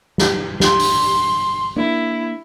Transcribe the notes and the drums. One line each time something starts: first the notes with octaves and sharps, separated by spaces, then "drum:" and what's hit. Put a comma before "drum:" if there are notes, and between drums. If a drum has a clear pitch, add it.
G1 B2 E3, drum: snare
C6, drum: snare
drum: open hi-hat
A#3 D4 E4